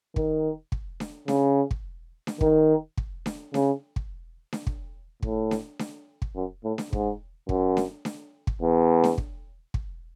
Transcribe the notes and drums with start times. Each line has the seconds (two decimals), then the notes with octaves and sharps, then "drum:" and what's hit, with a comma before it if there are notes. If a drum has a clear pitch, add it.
0.16 D#3, drum: kick
0.72 drum: kick
1.00 drum: snare D4
1.28 C#3, drum: snare D4
1.71 drum: kick
2.27 drum: snare D4
2.41 D#3, drum: kick
2.97 drum: kick
3.26 drum: snare D4
3.54 C#3, drum: snare D4
3.96 drum: kick
4.53 drum: snare D4
4.67 drum: kick
5.22 A2, drum: kick
5.51 drum: snare D4
5.79 drum: snare D4
6.22 drum: kick
6.36 F#2
6.64 A2
6.78 drum: snare D4
6.93 G#2, drum: kick
7.49 F#2, drum: kick
7.77 drum: snare D4
8.05 drum: snare D4
8.47 drum: kick
8.62 E2
9.04 drum: snare D4
9.18 drum: kick
9.74 drum: kick